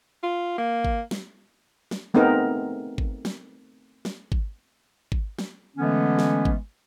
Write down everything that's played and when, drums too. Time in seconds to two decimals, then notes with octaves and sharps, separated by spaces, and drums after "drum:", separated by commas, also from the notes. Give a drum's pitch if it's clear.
0.23 F4
0.58 A#3
0.85 drum: kick G#1
1.11 drum: snare
1.91 drum: snare
2.14 A3 B3 C4 D#4 G#4 A#4
2.98 drum: kick G#1
3.25 drum: snare
4.05 drum: snare
4.32 drum: kick G#1
5.12 drum: kick G#1
5.39 drum: snare
5.77 D3 E3 G#3 A3 B3 C#4
6.19 drum: snare
6.45 drum: kick G#1